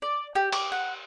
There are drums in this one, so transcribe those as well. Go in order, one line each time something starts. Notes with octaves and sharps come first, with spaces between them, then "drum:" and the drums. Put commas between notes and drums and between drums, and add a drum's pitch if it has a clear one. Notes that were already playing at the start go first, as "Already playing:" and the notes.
D5
G4
D6, drum: cymbal
F#5